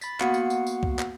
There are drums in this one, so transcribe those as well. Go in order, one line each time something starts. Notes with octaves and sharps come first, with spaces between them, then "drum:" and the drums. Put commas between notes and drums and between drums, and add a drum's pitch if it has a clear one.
B5 A6 B6, drum: tambourine
A#3 B3 F#4 F5 F#5 C#7, drum: clap
drum: tambourine
drum: tambourine
drum: tambourine
drum: kick C#2
drum: clap